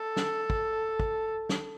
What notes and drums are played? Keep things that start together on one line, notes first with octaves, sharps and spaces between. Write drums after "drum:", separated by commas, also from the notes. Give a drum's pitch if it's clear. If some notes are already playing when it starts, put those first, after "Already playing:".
Already playing: A4
drum: snare
drum: kick
drum: kick
drum: snare